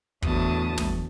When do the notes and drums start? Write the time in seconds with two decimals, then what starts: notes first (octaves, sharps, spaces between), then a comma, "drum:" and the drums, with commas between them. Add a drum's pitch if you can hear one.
0.22 E2 A2 D3 F#3 A5 D#6, drum: kick
0.78 drum: snare